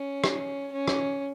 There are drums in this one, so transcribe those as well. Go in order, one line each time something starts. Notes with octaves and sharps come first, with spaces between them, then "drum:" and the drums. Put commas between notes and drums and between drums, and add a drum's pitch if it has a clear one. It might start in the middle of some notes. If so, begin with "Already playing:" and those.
Already playing: C#4
drum: rim click
C#4
drum: rim click